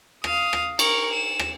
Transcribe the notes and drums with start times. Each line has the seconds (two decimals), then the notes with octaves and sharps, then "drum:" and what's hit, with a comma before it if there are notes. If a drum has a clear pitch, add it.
0.24 F5 D#6, drum: rim click
0.53 drum: rim click
0.79 A#4 C#6, drum: cymbal
1.12 E7
1.39 drum: rim click